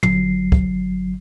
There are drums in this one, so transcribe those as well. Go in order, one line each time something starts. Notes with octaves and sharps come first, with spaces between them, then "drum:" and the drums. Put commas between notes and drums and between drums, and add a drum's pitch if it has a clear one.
G1 F#3 C7, drum: tom
drum: kick